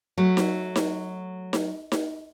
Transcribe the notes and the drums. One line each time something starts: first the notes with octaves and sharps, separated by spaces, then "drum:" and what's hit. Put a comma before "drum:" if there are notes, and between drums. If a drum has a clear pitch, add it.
F#3 A3
drum: snare D#4
drum: snare D#4
drum: snare D#4
drum: snare D#4